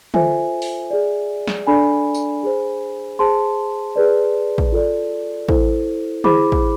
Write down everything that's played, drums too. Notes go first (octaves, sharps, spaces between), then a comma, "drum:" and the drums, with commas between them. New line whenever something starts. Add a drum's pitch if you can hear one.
F4 A4 C5 E5 G#5, drum: tom
drum: open hi-hat
G#4 D5
drum: snare
D4 A4 D5 G#5 B5
drum: tambourine
G#4 C5
G#4 C5 A5 C6
G#4 B4 D5
drum: kick
F4 A4 D5
E4 A4 C5, drum: kick
E4 G#4 C5 B5 D6, drum: tom
drum: kick